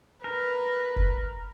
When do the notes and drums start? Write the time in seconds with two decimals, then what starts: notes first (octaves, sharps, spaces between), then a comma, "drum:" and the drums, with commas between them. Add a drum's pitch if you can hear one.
0.24 A#4 B4
0.96 drum: kick F1